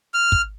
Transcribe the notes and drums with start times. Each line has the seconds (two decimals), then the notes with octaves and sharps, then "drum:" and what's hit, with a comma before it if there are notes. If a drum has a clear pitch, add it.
0.14 F6
0.32 drum: kick